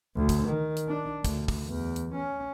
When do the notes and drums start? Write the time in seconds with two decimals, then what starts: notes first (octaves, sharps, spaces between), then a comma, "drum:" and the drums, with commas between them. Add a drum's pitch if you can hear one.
0.17 D2
0.29 drum: kick, hi-hat
0.48 D#3
0.77 drum: hi-hat
0.88 D4
1.25 D2, drum: kick, hi-hat
1.48 drum: kick, open hi-hat
1.68 E2
1.96 drum: hi-hat
2.15 C#4